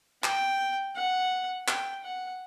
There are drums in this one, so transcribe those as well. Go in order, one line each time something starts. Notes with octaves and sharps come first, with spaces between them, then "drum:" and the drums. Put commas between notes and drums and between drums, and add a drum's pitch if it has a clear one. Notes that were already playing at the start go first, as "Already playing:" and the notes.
G5, drum: clap
F#5
G5, drum: clap
F#5